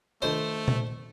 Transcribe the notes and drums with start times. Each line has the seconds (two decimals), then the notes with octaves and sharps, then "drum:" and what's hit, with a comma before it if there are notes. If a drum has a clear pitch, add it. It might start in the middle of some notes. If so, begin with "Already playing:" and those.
0.22 D#3 A3 D4 F4 A4 C5 D#5
0.68 drum: tom A#2